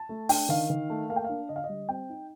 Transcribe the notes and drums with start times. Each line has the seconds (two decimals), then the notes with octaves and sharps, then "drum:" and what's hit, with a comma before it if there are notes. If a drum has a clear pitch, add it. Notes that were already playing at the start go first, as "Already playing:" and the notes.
Already playing: A5
0.09 A3
0.29 D4 G5, drum: open hi-hat
0.49 D#3 F5
0.70 D#3
0.90 A3
1.09 A#3 F5
1.16 G5
1.24 D4 F5
1.49 D3 D#5
1.56 F5
1.64 D#5
1.69 G3
1.89 C4 G5
2.10 D#4